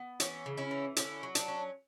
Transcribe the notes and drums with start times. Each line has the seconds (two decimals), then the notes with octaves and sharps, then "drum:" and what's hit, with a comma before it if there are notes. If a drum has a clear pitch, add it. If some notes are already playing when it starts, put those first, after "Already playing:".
Already playing: B3
0.20 E3 C#4, drum: hi-hat
0.46 C#3
0.57 C#4 E4
0.71 E3
0.96 D3 C#4 E4, drum: hi-hat
1.23 F#3
1.35 D4, drum: hi-hat
1.48 C#4